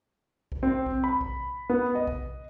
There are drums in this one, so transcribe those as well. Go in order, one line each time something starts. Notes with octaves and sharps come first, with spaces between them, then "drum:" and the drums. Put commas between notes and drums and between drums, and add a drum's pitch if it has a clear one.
drum: kick B1
C4
drum: kick B1
B5
drum: kick B1
B3
D#5
drum: kick B1